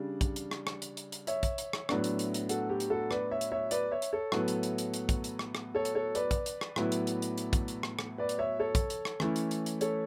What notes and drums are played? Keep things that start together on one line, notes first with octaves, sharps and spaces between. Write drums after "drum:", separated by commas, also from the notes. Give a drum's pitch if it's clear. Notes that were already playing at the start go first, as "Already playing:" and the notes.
Already playing: C#3 G3 D4
drum: kick, hi-hat
drum: hi-hat
drum: rim click
drum: rim click
drum: hi-hat
drum: hi-hat
drum: hi-hat
C#5 E5, drum: hi-hat
drum: kick, hi-hat
drum: hi-hat
drum: rim click
A2 F#3 B3 D4, drum: rim click
drum: hi-hat
drum: hi-hat
drum: hi-hat
F#4 A4, drum: hi-hat
G4
drum: hi-hat
F#4 A4
B4 D5, drum: rim click
C#5 E5
drum: hi-hat
C#5 E5
B4 D5, drum: hi-hat
C#5 E5
drum: hi-hat
A4 C#5
A2 F#3 B3 E4, drum: rim click
drum: hi-hat
drum: hi-hat
drum: hi-hat
drum: hi-hat
drum: kick, hi-hat
drum: hi-hat
drum: rim click
drum: rim click
A4 C#5
drum: hi-hat
A4 C#5
B4 D5, drum: hi-hat
drum: kick, hi-hat
drum: hi-hat
drum: rim click
A2 F#3 B3 E4, drum: rim click
drum: hi-hat
drum: hi-hat
drum: hi-hat
drum: hi-hat
drum: kick, hi-hat
drum: hi-hat
drum: rim click
drum: rim click
B4 D5
drum: hi-hat
C#5 E5
A4 C#5
drum: kick, hi-hat
drum: hi-hat
drum: rim click
E3 A3 C#4 E4, drum: rim click
drum: hi-hat
drum: hi-hat
drum: hi-hat
A4 C#5, drum: hi-hat